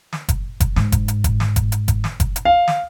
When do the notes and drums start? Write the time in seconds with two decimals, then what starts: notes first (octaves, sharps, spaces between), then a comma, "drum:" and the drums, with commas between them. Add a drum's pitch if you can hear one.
0.13 drum: snare
0.29 drum: kick F#1, hi-hat
0.60 drum: kick F#1, hi-hat
0.76 G#2, drum: snare
0.92 drum: kick F#1, hi-hat
1.08 drum: hi-hat
1.24 drum: kick F#1, hi-hat
1.40 drum: snare
1.56 drum: kick F#1, hi-hat
1.72 drum: hi-hat
1.88 drum: kick F#1, hi-hat
2.04 drum: snare
2.20 drum: kick F#1, hi-hat
2.36 drum: hi-hat
2.45 F5
2.68 drum: snare